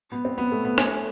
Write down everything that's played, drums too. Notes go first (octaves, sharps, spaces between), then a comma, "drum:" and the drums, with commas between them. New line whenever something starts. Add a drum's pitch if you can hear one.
B3
C4
B3
A3
B3
A3, drum: rim click